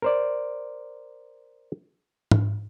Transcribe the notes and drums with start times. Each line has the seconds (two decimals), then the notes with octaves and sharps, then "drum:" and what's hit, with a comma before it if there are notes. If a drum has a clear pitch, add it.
0.02 A#4 C5 D5
2.31 drum: tom G#2